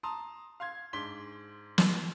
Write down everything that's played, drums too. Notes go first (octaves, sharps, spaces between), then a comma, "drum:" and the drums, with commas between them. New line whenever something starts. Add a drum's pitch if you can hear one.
A5 A#5 C6 D#6
F5 C6 G#6
G#2 D4 C6 B6 G7
drum: snare